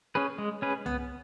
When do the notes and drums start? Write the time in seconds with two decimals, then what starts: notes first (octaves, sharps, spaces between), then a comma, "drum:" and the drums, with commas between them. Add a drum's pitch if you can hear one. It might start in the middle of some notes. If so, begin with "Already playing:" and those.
0.15 C#4 G#4 B4
0.38 G#3
0.62 C#4 G#4 B4
0.86 B3, drum: tom C2